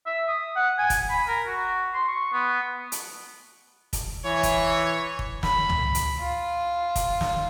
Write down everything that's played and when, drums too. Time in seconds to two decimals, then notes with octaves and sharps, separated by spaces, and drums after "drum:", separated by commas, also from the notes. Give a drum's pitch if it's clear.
0.06 E5
0.28 D#6
0.56 F#5
0.78 G#5
0.90 drum: kick, hi-hat
1.10 B5
1.27 A#4
1.47 F#4
1.94 C6
2.08 C#6
2.33 B3
2.92 drum: hi-hat
3.93 drum: kick, hi-hat
4.24 E3 C#5
4.43 drum: kick, hi-hat
5.19 drum: kick
5.43 B5, drum: snare
5.69 drum: tom C#2
5.95 drum: hi-hat
6.20 F4
6.96 drum: kick, hi-hat
7.21 drum: snare